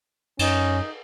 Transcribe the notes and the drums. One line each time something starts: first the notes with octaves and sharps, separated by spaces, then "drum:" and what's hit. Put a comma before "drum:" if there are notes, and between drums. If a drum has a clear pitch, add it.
F#2 C#4 D#4, drum: cymbal